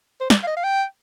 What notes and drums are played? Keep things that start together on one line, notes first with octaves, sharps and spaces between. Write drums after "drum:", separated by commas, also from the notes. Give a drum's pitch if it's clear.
C5
D5, drum: snare
F5
D#5
F5
G5